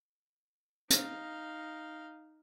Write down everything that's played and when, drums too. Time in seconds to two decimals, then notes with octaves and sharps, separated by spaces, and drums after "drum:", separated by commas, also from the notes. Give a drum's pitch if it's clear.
0.90 D#4 F5, drum: hi-hat